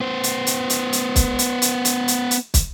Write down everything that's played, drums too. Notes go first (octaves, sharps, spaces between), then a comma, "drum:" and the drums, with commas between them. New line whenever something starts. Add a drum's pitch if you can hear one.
B3 C5
drum: hi-hat
drum: hi-hat
drum: hi-hat
drum: hi-hat
drum: kick, hi-hat
drum: hi-hat
drum: hi-hat
drum: hi-hat
drum: hi-hat
drum: hi-hat
drum: kick, hi-hat